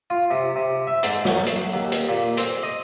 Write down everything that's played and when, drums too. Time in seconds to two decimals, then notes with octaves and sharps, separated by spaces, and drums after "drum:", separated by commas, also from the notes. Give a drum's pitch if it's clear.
0.10 F4
0.31 C3
0.56 C3
0.87 E5
1.03 G#2, drum: hi-hat
1.25 F#3, drum: snare
1.47 drum: hi-hat
1.73 D#2
1.92 drum: hi-hat
2.09 A#2
2.37 C4, drum: hi-hat
2.63 D#5